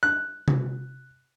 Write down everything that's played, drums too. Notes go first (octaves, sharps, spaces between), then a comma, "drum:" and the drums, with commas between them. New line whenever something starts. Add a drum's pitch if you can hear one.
F#6
drum: tom C3